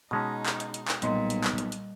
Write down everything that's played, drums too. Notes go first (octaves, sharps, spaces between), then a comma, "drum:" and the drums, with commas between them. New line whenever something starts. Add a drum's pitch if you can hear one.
B2 G#3 C#4 D#4 A5
drum: clap
drum: hi-hat
drum: hi-hat
drum: clap
B1 A#2 G3 D#5 C6, drum: hi-hat
drum: hi-hat
drum: clap
drum: hi-hat
drum: hi-hat